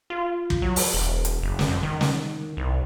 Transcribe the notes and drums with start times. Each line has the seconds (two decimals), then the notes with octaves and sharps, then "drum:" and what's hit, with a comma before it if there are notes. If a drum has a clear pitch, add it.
0.10 F4
0.50 drum: kick
0.62 F#3
0.76 drum: open hi-hat
0.93 E1
1.25 drum: hi-hat
1.42 F#1
1.59 drum: snare
1.68 F2
1.83 D#3
2.01 drum: snare
2.57 C2